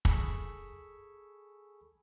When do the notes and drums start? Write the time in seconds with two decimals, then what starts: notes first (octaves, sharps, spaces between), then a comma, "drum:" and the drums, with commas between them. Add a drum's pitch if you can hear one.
0.05 G#4 A4 G#5 B5 C#6 E6, drum: kick